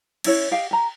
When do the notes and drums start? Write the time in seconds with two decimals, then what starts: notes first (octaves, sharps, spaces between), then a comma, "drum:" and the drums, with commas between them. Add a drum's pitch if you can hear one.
0.24 C#4 E4 C#5, drum: cymbal
0.51 G4 D#5 F5 G5
0.71 G4 A#5